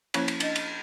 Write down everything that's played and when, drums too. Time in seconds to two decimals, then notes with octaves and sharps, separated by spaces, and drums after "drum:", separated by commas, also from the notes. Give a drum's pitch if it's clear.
0.14 F3 A#3 C#4 E4 C#5, drum: cymbal
0.28 drum: cymbal
0.40 D4 D#5, drum: cymbal
0.56 drum: cymbal